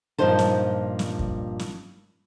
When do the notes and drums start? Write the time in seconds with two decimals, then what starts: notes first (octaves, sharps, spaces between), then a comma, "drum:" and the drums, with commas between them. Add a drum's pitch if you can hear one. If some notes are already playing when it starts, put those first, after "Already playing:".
0.18 G2 A#2 F3 D#4 C5 A5
0.39 drum: snare
0.99 drum: snare
1.19 drum: kick
1.59 drum: snare